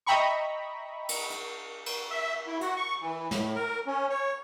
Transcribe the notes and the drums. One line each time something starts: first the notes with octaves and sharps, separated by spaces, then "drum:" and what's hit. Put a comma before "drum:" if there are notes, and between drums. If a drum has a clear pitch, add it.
D#5 E5 G5 A#5 B5 C#6
drum: cymbal
drum: hi-hat
drum: cymbal
E5
E4
F#4, drum: hi-hat
C#6
E3
A2, drum: snare
A#4
C#4
C#5